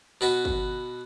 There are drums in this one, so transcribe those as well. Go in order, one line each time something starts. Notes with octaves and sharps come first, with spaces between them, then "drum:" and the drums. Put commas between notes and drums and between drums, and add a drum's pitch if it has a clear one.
B2 F#4 B4
drum: kick